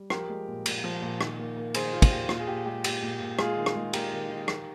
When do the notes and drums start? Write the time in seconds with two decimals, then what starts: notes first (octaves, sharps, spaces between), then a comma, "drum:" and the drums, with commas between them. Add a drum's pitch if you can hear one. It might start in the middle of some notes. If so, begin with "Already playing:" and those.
Already playing: G3
0.10 F3 G4 A#4, drum: rim click
0.29 G#3
0.48 A#2
0.66 A#2, drum: cymbal
0.84 F3
1.02 A#2
1.21 D#3, drum: rim click
1.39 A#3
1.56 A#3
1.74 D#3 G#4 C5, drum: cymbal
1.93 A#3 F4
2.02 drum: kick, cymbal
2.11 A#3 G4
2.29 A#2 F4, drum: rim click
2.40 G#4
2.48 A#2 G4
2.66 G#3 G4
2.84 A#2 G4, drum: cymbal
3.03 A#2
3.20 A#2
3.39 G#3 F4 G#4, drum: rim click
3.57 D#3
3.66 drum: rim click
3.76 G#3
3.93 G#3 G4 A#4, drum: cymbal
4.12 D#3
4.30 D#3
4.48 D#3, drum: rim click